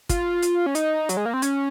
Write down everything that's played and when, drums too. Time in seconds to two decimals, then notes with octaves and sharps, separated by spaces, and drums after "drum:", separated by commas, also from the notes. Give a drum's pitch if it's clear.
0.09 F4, drum: kick, hi-hat
0.42 drum: hi-hat
0.66 C#4
0.75 D#4, drum: hi-hat
1.09 F#3, drum: hi-hat
1.17 G#3
1.25 A#3
1.34 C4
1.42 C#4, drum: hi-hat